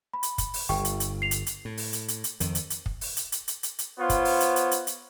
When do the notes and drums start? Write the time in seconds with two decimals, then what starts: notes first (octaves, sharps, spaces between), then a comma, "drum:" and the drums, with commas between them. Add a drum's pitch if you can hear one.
0.14 B5
0.23 drum: hi-hat
0.38 drum: kick, hi-hat
0.54 drum: open hi-hat
0.69 G1 G5 C#6
0.85 drum: hi-hat
1.00 drum: hi-hat
1.22 C7 F7
1.31 drum: hi-hat
1.46 drum: hi-hat
1.65 A2
1.77 drum: open hi-hat
1.93 drum: hi-hat
2.08 drum: hi-hat
2.24 drum: hi-hat
2.40 F2 D#3, drum: hi-hat
2.55 drum: hi-hat
2.70 drum: hi-hat
2.86 drum: kick
3.01 drum: open hi-hat
3.17 drum: hi-hat
3.32 drum: hi-hat
3.48 drum: hi-hat
3.63 drum: hi-hat
3.79 drum: hi-hat
3.98 B3 F4 C5 C#5
4.10 drum: kick, hi-hat
4.25 drum: open hi-hat
4.40 drum: hi-hat
4.56 drum: hi-hat
4.71 drum: hi-hat
4.87 drum: hi-hat